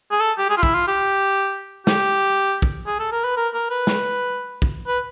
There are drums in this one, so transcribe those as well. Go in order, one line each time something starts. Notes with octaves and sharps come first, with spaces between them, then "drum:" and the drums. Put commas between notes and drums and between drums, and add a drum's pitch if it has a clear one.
G#4
A4
G4
G#4
F4
E4, drum: kick
F4
G4
G4, drum: snare
drum: kick
G#4
A4
A#4
B4
A#4
A#4
B4
drum: snare
drum: kick
B4